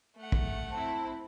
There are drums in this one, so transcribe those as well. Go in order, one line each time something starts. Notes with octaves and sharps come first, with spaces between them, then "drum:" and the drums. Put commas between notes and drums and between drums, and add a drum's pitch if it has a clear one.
A3 F#5
drum: kick
C4 E4 A5